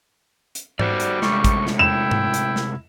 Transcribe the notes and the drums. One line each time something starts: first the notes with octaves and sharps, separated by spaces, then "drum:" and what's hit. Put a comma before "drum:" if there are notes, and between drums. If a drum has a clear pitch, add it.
drum: hi-hat
G3 F#4 C5 D5, drum: tom G#2
drum: hi-hat
C3 G#3 A3 C#6, drum: snare
drum: kick, hi-hat
drum: snare
E4 G5 E7
drum: tom G#2
drum: hi-hat
drum: snare